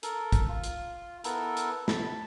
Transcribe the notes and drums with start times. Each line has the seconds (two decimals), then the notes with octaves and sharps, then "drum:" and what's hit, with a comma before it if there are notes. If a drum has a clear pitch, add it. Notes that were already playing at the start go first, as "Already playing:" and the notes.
0.03 A4 A#4, drum: hi-hat
0.32 drum: kick, hi-hat
0.49 F4
0.64 drum: hi-hat
1.24 B3 E4 A4 A#4, drum: hi-hat
1.57 drum: hi-hat
1.88 A5 B5, drum: snare